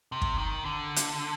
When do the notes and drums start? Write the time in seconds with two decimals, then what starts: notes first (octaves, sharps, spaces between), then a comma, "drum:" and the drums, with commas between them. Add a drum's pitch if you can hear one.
0.12 C3
0.22 drum: kick
0.38 D#3
0.65 D3
0.96 drum: hi-hat